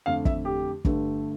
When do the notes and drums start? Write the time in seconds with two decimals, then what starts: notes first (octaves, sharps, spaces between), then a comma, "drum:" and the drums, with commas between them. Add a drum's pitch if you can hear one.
0.06 F2 D3 A3 F5
0.25 E5, drum: kick
0.45 G4
0.85 G2 D3 A3, drum: kick